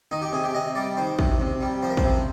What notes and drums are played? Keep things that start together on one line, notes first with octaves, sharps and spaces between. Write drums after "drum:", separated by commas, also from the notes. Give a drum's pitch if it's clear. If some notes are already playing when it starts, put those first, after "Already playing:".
D#3 D#4
G4
C3 G#4
G4
C3 D#5
G3 D5
D#3 C5
C3, drum: kick
C3
G3
F3 C5
A#4
C5, drum: kick
C3